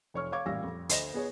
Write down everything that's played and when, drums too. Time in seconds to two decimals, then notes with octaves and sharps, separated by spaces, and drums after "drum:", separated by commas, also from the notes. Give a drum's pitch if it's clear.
0.14 F1 C#5 C#6 F6
0.32 C#5 F5 C#6 D6 G#6
0.46 A1 A#2 G3 F5 E6 A#6
0.63 F2
0.89 D2 C5 D#5 A#6 E7, drum: hi-hat
1.13 B3 G#4 C#5